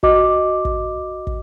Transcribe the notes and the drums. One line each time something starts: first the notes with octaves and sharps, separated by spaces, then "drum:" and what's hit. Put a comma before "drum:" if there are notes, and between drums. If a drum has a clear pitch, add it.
F#4 D#5 D6, drum: kick
drum: kick
drum: kick